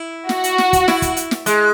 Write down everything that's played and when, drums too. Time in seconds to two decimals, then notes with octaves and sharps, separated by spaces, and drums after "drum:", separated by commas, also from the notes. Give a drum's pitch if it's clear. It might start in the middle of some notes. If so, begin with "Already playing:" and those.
Already playing: E4
0.29 F#4, drum: snare
0.44 drum: hi-hat
0.58 drum: snare
0.73 drum: kick, hi-hat
0.88 E4, drum: snare
1.02 drum: kick, hi-hat
1.17 drum: hi-hat
1.31 drum: snare
1.46 G#3, drum: hi-hat